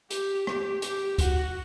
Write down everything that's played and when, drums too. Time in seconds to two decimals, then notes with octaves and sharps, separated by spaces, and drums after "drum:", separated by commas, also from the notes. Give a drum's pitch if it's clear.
0.11 G4, drum: hi-hat
0.47 G4, drum: rim click
0.82 G4, drum: hi-hat
1.18 F#4, drum: kick, hi-hat